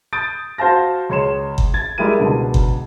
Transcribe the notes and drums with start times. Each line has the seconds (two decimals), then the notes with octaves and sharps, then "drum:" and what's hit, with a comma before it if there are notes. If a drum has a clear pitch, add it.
0.13 D#6 G6 A6 D7
0.58 F#4 C5 F5 A5 A#6
1.10 C#2 C#5 C6 E7
1.58 drum: kick G1
1.74 G#6 A6
1.98 G3 G#3 E4 G4 A#4 D#7
2.19 C#2 B2 D3
2.54 drum: kick G1